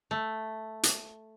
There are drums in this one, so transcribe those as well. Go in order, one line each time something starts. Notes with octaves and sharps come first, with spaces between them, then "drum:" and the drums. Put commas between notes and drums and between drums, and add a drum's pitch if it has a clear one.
A3
drum: hi-hat